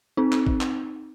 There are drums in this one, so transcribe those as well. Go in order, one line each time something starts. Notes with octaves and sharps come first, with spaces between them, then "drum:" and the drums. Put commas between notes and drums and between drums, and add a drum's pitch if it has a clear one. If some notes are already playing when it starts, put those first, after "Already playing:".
C4 D#4
drum: clap
drum: kick G#1
drum: clap